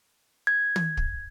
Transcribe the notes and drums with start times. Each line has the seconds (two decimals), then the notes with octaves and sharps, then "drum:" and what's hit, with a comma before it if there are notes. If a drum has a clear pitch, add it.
0.47 G#6
0.76 drum: tom
0.97 drum: kick